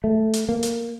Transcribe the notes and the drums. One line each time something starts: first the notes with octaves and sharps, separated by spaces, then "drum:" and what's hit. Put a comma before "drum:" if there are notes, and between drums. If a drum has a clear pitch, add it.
A3
drum: hi-hat
A#3
drum: hi-hat